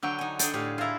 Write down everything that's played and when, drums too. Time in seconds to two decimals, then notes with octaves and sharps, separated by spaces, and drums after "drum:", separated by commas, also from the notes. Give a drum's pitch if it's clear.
0.03 D3 F#3 G5
0.19 D#4 G#5
0.39 D4 G#4 A4 G5, drum: hi-hat
0.54 A2 G4 G#4 F5
0.78 E4 F4 A5 A#5